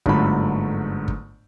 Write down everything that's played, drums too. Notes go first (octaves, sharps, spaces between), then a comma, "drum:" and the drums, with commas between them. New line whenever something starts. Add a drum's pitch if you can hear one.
G1 G#2 D3 F#3 A3 B5, drum: kick G1
drum: kick G1